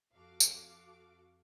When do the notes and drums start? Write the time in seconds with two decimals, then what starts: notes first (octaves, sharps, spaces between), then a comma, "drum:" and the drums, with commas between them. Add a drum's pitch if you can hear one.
0.15 F2 F#4 A4 F5 D6
0.40 drum: tambourine